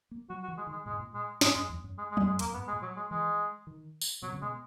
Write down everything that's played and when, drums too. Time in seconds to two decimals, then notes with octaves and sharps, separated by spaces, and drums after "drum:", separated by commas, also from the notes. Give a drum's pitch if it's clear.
0.11 A#3
0.29 F#3 F#4
0.43 F#4
0.48 E3
0.57 G#3
0.67 D#3
0.72 G#3
0.86 A#2 G#3
0.93 G#2
1.00 A#2
1.14 G#3
1.41 G#2 G#3, drum: snare
1.55 F#2 G#3
1.70 E2
1.84 F#2
1.98 G#3
2.12 G#3
2.17 E2, drum: tom F#3
2.26 F#2 G#3
2.39 E2 A#3, drum: hi-hat
2.47 F#2
2.54 G#2 B3
2.68 G#3
2.73 A#2
2.82 F#3
2.96 G#3
3.10 E3 G#3
3.67 D#3
4.01 drum: tambourine
4.22 B2 F#3
4.33 C#3
4.41 B2 G#3